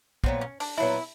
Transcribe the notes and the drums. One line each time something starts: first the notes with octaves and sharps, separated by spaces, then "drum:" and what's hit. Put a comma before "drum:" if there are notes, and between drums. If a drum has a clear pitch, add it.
A#2 F#3 B3 C4, drum: kick
C#4
D4, drum: open hi-hat
A#2 F#3 B3 E4